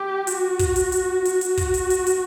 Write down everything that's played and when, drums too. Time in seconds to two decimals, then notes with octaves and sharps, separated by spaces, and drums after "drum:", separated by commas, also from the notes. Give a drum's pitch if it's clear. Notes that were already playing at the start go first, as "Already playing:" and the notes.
Already playing: G4
0.27 F#4, drum: hi-hat
0.59 drum: kick, hi-hat
0.76 drum: hi-hat
0.92 drum: hi-hat
1.25 F#4, drum: hi-hat
1.41 drum: hi-hat
1.57 drum: kick, hi-hat
1.74 drum: hi-hat
1.90 drum: hi-hat
2.07 drum: hi-hat